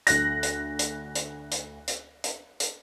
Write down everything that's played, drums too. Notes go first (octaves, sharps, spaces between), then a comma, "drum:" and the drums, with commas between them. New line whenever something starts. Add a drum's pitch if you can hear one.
D2 F#6 A#6, drum: hi-hat
drum: hi-hat
drum: hi-hat
drum: hi-hat
drum: hi-hat
drum: hi-hat
drum: hi-hat
drum: hi-hat